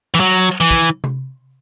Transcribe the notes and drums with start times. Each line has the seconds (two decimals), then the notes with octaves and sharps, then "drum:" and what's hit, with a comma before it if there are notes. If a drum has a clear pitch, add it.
0.14 E3
0.20 F#3
0.50 drum: hi-hat
0.60 E3
0.71 drum: kick
1.04 drum: tom C3